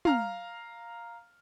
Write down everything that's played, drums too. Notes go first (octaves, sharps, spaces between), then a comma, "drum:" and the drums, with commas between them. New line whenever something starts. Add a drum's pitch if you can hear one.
F5 A#5 F6, drum: tom